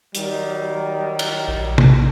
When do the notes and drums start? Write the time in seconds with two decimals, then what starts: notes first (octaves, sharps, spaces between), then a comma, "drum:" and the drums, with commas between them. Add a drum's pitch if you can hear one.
0.15 D#3 F#3 G3, drum: hi-hat
1.19 drum: cymbal
1.48 A#1
1.78 drum: tom